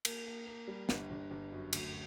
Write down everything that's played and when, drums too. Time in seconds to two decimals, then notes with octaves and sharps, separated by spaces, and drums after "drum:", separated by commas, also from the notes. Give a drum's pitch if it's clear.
0.05 A#3, drum: cymbal
0.26 A#3
0.47 A#3
0.68 G3
0.89 G1, drum: snare
1.10 G1
1.31 G1
1.52 F#2
1.73 D2, drum: cymbal